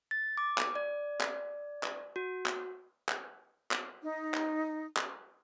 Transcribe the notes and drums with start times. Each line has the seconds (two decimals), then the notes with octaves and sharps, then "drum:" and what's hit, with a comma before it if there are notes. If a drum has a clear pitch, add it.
0.11 A6
0.38 D6
0.58 drum: clap
0.75 D5
1.21 drum: clap
1.83 drum: clap
2.16 F#4
2.46 drum: clap
3.09 drum: clap
3.71 drum: clap
4.01 D#4
4.34 drum: clap
4.97 drum: clap